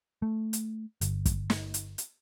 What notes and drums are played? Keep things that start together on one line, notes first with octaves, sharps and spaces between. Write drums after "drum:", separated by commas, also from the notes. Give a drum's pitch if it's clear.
A3
drum: hi-hat
G1, drum: hi-hat
drum: kick, hi-hat
drum: snare
drum: hi-hat
drum: hi-hat